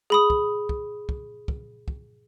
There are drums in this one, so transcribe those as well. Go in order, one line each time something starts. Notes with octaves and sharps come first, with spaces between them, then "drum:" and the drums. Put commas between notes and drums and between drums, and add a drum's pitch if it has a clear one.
G#4 B5 D#6
drum: kick
drum: kick
drum: kick
drum: kick
drum: kick